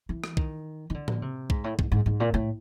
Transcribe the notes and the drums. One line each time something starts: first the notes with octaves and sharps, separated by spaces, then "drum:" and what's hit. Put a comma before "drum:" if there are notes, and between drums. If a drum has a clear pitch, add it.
E3
drum: rim click
D#3, drum: kick
D#3
D3
drum: tom A2
C3
G#2, drum: kick
A2
G#2, drum: kick
G#2
G#2
A#2
A2